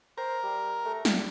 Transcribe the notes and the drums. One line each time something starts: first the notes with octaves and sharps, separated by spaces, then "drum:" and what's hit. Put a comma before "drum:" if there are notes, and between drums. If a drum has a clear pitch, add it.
A#4 C5
G3
A3
G3, drum: snare